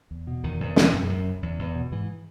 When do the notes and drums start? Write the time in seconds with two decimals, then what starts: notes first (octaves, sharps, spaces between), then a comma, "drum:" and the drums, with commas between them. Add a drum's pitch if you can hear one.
0.11 E2
0.27 B2
0.44 E2 D#3
0.60 E2
0.76 B2, drum: snare
0.93 F#2
1.09 F#2
1.26 C#3
1.43 E2
1.59 E2
1.75 B2
1.92 G#2 E3